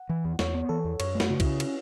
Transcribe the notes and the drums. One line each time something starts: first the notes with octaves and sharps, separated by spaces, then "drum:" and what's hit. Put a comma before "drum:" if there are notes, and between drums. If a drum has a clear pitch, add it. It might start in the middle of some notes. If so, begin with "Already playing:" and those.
Already playing: F#5
E3
E2
E2 C#5, drum: snare
B3
E3 A4
E2
F#2 C#5, drum: cymbal
A3
F#4, drum: snare
C#3
C#4 E4, drum: kick C2, cymbal
drum: cymbal